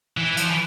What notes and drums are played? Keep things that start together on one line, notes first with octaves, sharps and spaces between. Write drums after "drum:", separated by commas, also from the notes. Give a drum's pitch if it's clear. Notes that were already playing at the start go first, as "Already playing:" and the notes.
E3
F3, drum: hi-hat
E3